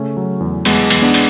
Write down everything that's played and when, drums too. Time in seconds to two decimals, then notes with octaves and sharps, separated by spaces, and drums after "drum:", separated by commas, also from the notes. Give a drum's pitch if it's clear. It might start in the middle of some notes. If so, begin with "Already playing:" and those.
Already playing: C#3 A3 C#4
0.17 F#3
0.40 E2
0.65 E2 G#3 B3, drum: cymbal
0.90 E2, drum: cymbal
1.02 B3 D4
1.14 drum: cymbal